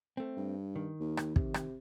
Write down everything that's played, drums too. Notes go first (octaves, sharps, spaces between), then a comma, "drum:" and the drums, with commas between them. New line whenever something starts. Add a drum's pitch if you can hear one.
A3 C4
G2
D#3
D#2
drum: rim click
C3, drum: kick
drum: rim click